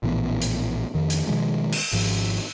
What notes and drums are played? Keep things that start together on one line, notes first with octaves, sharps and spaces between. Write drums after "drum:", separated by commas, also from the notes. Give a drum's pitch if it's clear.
A#1 A2 E3 B3
drum: hi-hat
F2 D#3
drum: hi-hat
B2 D#3 F3 G#3
drum: cymbal
G#1 G#2 F3, drum: open hi-hat